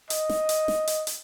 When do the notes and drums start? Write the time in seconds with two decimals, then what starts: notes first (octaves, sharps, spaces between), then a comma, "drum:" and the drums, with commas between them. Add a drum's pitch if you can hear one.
0.10 D#5, drum: hi-hat
0.29 drum: snare
0.49 drum: hi-hat
0.68 drum: snare
0.87 drum: hi-hat
1.07 drum: hi-hat